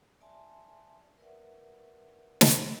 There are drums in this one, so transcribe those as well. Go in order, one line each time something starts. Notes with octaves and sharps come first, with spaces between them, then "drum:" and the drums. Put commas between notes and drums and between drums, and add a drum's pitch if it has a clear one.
D5 E5 G#5 A5 C6
A#4 B4 D5 E5 F#5
drum: snare